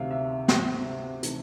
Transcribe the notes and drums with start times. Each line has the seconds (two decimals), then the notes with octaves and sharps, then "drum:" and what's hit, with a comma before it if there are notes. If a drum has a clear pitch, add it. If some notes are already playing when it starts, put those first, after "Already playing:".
Already playing: D2 C3 D#3 E5 F5
0.11 E5
0.48 drum: snare
0.86 E5
1.23 C3 E3 A3 C4 D#4, drum: hi-hat